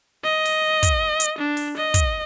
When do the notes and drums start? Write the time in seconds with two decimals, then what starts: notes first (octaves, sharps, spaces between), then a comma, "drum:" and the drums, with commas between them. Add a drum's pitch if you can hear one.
0.24 D#5
0.46 drum: open hi-hat
0.83 drum: kick, hi-hat
1.20 drum: hi-hat
1.38 D4
1.57 drum: open hi-hat
1.77 D#5
1.94 drum: kick, hi-hat